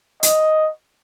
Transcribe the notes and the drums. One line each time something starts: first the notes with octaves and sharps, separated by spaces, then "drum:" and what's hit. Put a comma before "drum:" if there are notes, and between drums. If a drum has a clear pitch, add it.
D#5, drum: hi-hat